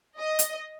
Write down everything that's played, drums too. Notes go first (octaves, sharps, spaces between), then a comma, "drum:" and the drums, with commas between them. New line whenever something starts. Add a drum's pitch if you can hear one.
D#5
drum: hi-hat